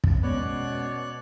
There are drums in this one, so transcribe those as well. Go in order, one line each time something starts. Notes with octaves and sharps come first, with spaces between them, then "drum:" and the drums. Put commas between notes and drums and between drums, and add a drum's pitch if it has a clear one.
drum: kick
B2 G#3 B3 C#4 C#5 D5 F#6